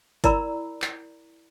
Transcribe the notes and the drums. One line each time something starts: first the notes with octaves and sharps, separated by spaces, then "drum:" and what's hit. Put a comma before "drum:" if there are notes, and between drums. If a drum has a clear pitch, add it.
E4 A#4 D5 A#5 B5 E6, drum: kick G1, hi-hat
drum: clap